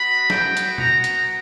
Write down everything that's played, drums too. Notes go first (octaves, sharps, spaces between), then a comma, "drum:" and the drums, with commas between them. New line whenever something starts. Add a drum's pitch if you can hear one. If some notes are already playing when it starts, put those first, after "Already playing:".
Already playing: B3 F#4 B5
G5, drum: snare
drum: hi-hat
A#5, drum: tom
drum: hi-hat